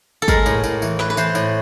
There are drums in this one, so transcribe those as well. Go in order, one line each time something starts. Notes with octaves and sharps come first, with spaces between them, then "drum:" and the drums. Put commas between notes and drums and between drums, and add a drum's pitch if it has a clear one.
A4
G#3 A#4, drum: kick, tambourine
A2, drum: tambourine
A2, drum: tambourine
E3, drum: tambourine
E3 B4, drum: snare
B4
E3 C5, drum: tambourine
A2, drum: tambourine